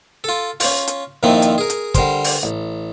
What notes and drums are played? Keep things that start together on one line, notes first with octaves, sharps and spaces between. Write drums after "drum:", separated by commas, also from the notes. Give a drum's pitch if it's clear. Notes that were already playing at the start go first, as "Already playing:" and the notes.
F4 A4
C#4 F4, drum: open hi-hat
drum: hi-hat
F2 A#2 D#3 F3 C4 E4
drum: hi-hat
G#4 A#4
drum: hi-hat
D3 G3 A#4 C5, drum: kick, hi-hat
drum: open hi-hat
A1